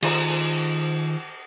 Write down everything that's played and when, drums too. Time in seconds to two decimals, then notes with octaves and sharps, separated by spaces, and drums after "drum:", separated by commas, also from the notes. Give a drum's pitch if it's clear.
0.02 D#3 F4 G#4 C5 D#5 A#5, drum: cymbal